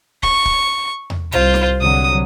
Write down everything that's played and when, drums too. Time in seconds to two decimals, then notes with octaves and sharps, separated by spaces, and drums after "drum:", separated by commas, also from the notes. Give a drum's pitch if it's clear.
0.23 C#6, drum: kick
0.45 drum: kick
1.10 drum: tom E2
1.32 C2 F4 C5, drum: hi-hat
1.54 drum: snare
1.81 C2 D3 F#3 D#6